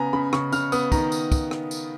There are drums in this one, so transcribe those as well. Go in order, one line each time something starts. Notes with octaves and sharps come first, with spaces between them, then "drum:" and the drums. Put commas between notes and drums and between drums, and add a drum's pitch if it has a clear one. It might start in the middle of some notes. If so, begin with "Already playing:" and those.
Already playing: C#3 B3 G#5 A#5
C#3 B5
C#3 C#6, drum: rim click
C#3 F6, drum: tambourine
B3 D#6, drum: tambourine
D#3 A#5, drum: kick, tambourine
drum: tambourine
drum: kick, tambourine
drum: rim click
drum: tambourine